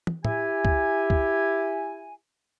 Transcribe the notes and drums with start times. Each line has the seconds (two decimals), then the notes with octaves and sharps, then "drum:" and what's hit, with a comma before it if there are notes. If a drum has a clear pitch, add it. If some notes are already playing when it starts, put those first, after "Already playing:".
0.07 drum: tom
0.25 E4 G4 G#5, drum: tom
0.65 drum: kick
1.10 drum: kick